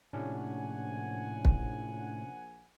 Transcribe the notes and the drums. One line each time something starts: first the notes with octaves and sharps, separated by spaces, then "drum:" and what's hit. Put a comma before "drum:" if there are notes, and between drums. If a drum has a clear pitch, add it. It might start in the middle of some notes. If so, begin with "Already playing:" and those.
A#1 A2 C3 C#4 D4 F#5 G#5
drum: kick